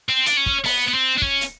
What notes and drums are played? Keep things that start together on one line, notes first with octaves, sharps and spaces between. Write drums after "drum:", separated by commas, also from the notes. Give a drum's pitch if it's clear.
C4
D4, drum: hi-hat
C#4
drum: kick
B3, drum: open hi-hat
B3
C4
D4
C#4, drum: kick
drum: hi-hat